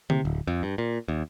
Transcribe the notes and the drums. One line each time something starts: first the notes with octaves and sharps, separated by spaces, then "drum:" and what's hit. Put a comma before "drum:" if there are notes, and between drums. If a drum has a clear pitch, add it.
C3, drum: tom D3
D1
F2
G2
A#2
D#2